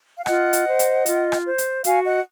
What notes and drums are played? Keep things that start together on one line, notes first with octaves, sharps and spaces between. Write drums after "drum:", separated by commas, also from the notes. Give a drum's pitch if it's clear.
F5
F4 D#5 F#5, drum: rim click
drum: hi-hat
C5
drum: hi-hat
F4, drum: hi-hat
drum: rim click
C5
drum: hi-hat
F#4 F5 G#5, drum: hi-hat
D#5 F#5